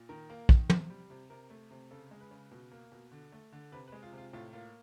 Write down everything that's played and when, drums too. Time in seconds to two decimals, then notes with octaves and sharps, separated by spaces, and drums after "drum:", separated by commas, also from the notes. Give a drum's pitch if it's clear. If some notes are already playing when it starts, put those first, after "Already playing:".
Already playing: A#2
0.09 D#3 A#4
0.30 A#3
0.49 D#3, drum: kick
0.70 C3, drum: tom
0.90 G3
1.10 C3
1.30 C3 A#4
1.50 A3
1.71 C3
1.91 C#3 A4
2.11 G#3
2.21 B4
2.31 C#3
2.51 B2
2.72 A#3
2.92 B2
3.12 D3
3.32 A3
3.52 D3
3.72 C3 B4
3.88 B4
3.92 G#3
4.03 F4
4.13 C3
4.18 F4
4.33 A2 F4
4.53 A#3 F4